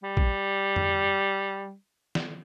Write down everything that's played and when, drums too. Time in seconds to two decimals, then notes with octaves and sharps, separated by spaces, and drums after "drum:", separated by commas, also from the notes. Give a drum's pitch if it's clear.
0.03 G3
0.17 drum: kick
0.76 drum: tom F2
2.15 drum: snare